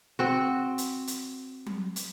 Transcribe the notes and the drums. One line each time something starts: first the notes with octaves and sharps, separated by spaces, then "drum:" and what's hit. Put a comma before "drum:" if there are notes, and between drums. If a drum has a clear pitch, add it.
C4 F#4
drum: hi-hat
drum: hi-hat
drum: tom F#3
drum: hi-hat